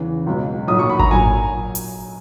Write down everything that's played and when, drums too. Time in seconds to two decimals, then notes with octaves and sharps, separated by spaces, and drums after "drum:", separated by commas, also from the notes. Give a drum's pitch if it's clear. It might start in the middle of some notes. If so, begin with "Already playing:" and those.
Already playing: E2 C#3 E3
0.26 C#2 B2 F#3
0.68 B1 A#2 F#3 D#6
0.79 C#6
0.90 B5
0.99 A#5, drum: kick G#1
1.10 A#2 F#3 G#5
1.75 drum: hi-hat